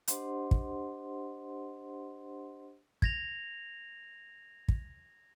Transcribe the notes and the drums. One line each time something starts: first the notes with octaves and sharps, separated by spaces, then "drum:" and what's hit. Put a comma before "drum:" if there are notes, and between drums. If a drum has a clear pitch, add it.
D4 G4 C5 D#5 F#5 C6, drum: hi-hat
drum: kick
G#6 A#6 F7, drum: kick
drum: kick